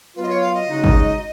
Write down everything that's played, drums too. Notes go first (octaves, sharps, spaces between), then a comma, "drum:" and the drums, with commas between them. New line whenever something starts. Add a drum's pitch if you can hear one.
F#3 B3 F4 B4
D#5
C#5
F5
D#5
C#3 G#3 D#4 F#4
drum: kick